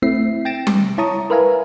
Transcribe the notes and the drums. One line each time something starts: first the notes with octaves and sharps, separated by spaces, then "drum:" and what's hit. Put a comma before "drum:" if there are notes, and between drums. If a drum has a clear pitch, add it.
A3 C4 E4 E5 C7
G5 A6 A#6 D7 E7
drum: tom G3
E4 C#5 A5 A#5 C#6 D#6
A#4 B4 E5 F5 G#5 A#5